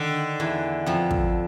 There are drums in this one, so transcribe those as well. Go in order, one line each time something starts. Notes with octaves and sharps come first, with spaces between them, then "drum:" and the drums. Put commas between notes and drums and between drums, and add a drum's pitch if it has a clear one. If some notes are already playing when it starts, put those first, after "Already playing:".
Already playing: D3 D#3
E2 E3
F2 F3
drum: kick